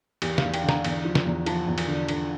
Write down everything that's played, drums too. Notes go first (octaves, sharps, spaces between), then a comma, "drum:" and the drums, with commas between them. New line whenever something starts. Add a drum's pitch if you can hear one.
E2 G4, drum: cymbal
E2 F5, drum: snare
G5, drum: cymbal
D3
A#5, drum: snare
E2, drum: cymbal
F3
drum: snare
E2
F3 A5, drum: cymbal
E2
drum: cymbal
D3
D3, drum: cymbal